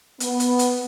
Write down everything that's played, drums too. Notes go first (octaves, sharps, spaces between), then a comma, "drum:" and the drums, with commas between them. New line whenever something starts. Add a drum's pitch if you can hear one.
B3, drum: hi-hat
drum: hi-hat
drum: hi-hat